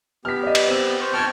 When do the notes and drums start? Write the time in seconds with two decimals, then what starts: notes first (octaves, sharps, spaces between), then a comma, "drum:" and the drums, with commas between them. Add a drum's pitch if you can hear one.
0.25 B3 G4 F6 B6
0.43 D5 D#5
0.55 drum: cymbal
0.67 C4 E6
1.00 C5 C#6
1.13 G5 A5 C#6 F6 G#6